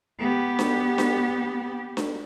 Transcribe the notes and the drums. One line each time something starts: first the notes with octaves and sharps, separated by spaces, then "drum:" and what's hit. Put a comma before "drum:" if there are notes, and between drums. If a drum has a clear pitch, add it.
B3 G4
drum: snare D4
drum: snare D4
drum: snare D4